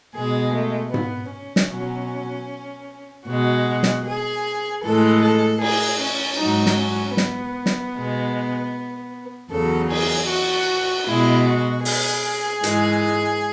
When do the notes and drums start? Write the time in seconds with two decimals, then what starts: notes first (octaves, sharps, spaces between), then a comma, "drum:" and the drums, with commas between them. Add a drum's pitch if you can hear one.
0.15 B2 G#3 G#4
0.54 A3
0.94 B3, drum: tom G#2
1.32 C#4
1.56 drum: snare
1.72 B2 F#3
3.28 B2 G#3 F#4
3.83 drum: snare
4.06 G#4
4.84 A2 E3 G#3 A4
5.23 A4
5.61 G#4, drum: cymbal
6.01 C#4
6.39 G#2 F#3 D#4
6.66 drum: snare
6.79 C#4
7.17 B3, drum: snare
7.66 drum: snare
7.95 B2 G#3
9.51 E2 C#3 F#3 A4
9.90 G#4, drum: cymbal
10.30 F#4
11.07 B2 G#3 E4
11.47 F#4
11.85 G#4, drum: open hi-hat
12.63 G#2 E3 G#3, drum: hi-hat